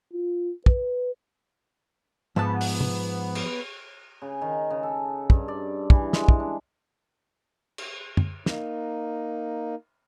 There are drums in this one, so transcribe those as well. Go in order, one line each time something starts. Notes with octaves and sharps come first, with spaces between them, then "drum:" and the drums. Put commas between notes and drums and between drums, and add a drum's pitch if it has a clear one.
F4
B4, drum: kick
G#2 F3 B3 E5 A5
drum: open hi-hat
drum: tom
drum: cymbal
C#3
D#3
C#3
A4
G2, drum: kick
D5
E3, drum: kick
G#3, drum: snare
drum: kick
D4
drum: cymbal
drum: tom
A#3 D#4, drum: snare